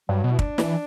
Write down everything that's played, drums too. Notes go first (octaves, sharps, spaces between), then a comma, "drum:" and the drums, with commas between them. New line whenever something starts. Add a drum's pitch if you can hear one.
G2 F#3
B2
E4
D4, drum: kick
E3, drum: snare